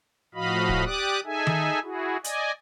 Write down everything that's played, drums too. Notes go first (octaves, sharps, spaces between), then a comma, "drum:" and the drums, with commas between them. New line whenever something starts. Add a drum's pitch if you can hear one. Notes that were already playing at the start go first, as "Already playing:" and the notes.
A2 F3 F#4 D#5 F5 B5
drum: kick D1
G4 D5 D6 D#6 F#6
D#4 G#4 A4 E5 G#5
drum: tom D#3
E4 F#4 G#4
D5 D#5 G#5, drum: hi-hat